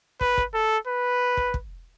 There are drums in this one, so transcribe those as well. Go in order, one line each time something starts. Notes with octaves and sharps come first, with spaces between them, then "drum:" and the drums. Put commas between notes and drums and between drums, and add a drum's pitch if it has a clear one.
B4, drum: kick
drum: kick
A4
B4
drum: kick
drum: kick